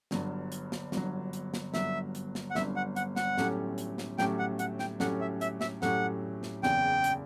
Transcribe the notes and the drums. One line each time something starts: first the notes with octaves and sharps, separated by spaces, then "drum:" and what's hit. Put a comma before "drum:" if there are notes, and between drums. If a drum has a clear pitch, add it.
G1 G2 F#3, drum: snare
drum: hi-hat
drum: snare
G1 G2 F#3, drum: snare
drum: hi-hat
drum: snare
G1 G2 F#3 E5, drum: snare
drum: hi-hat
drum: snare
F#5
G1 G2 F#3 E5, drum: snare
F#5
F#5, drum: hi-hat
F#5, drum: snare
A2 F#3 A3 C#4 G4, drum: snare
drum: hi-hat
drum: snare
A2 F#3 A3 C#4 G4 G5, drum: snare
F#5
F#5, drum: hi-hat
G5, drum: snare
A2 F#3 A3 C#4 G4 F#5, drum: snare
E5
E5, drum: hi-hat
E5, drum: snare
A2 F#3 A3 C#4 G4 F#5, drum: snare
drum: snare
F#1 E2 C#3 G5, drum: snare
drum: hi-hat